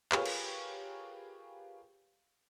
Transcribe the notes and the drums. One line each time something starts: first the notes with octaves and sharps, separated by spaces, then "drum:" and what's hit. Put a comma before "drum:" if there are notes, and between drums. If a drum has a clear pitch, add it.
F4 G4 G#4 A#4 B4 C#5, drum: clap
drum: cymbal